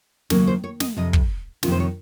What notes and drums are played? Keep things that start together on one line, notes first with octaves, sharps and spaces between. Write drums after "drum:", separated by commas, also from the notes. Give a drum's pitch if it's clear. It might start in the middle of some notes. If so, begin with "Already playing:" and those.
D#2 C#3 F#3 A#3 A#4, drum: snare
C5
C#5
D#5, drum: snare
F2 C3 D#5
drum: kick
F2 C3 D#3 F4, drum: snare
C5
C#5